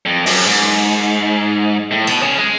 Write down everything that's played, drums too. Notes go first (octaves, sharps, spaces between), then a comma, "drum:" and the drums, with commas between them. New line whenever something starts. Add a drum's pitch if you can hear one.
F2
F#2, drum: open hi-hat
G#2
A2
B2, drum: cymbal
C#3
G#3